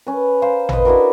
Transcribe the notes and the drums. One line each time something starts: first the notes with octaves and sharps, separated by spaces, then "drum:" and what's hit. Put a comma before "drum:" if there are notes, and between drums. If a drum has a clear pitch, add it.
C#4 B4
C5 F5 A#5
B4 D#5, drum: tom A1
D4 E4 F#4 A#4